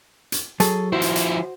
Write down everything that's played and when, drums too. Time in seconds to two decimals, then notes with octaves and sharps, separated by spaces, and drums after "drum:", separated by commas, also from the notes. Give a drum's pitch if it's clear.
0.32 drum: hi-hat
0.60 F#3 G#4 A4, drum: hi-hat
0.93 F3 E4 F#4 C5
1.02 drum: hi-hat
1.16 drum: hi-hat